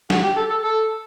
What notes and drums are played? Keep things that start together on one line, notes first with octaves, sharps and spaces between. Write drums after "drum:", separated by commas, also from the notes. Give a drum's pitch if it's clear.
F#4, drum: snare
G4
A4
A4
A4